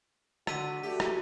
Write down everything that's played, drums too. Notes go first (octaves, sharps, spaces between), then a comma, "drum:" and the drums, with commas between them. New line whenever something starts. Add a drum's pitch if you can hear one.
D3 F#4 E6 B6 D#7, drum: rim click
A3 F#4 G4 B6
drum: rim click